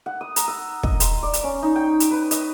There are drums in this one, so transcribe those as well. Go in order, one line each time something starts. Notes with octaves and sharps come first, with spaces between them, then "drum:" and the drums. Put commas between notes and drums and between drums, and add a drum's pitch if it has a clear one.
F#5
D#6
A#5, drum: hi-hat
E6
D#5, drum: kick
C6, drum: hi-hat
D5
drum: hi-hat
C#4
D#4
G5
drum: hi-hat
B4
D#5, drum: hi-hat